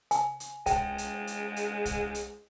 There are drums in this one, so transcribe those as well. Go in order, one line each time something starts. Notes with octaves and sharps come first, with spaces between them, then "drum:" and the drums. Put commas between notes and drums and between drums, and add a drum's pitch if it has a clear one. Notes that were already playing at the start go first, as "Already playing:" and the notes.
G#5, drum: hi-hat
drum: hi-hat
G#3 G5, drum: kick C2, hi-hat
drum: hi-hat
drum: hi-hat
drum: hi-hat
drum: kick C2, hi-hat
drum: hi-hat